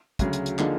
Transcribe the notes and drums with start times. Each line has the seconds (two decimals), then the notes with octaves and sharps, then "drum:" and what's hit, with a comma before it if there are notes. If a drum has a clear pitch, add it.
0.19 D2 C#3 F#3, drum: kick, hi-hat
0.33 drum: hi-hat
0.46 drum: hi-hat
0.59 D3 F3 A#3 D#4 G#4, drum: clap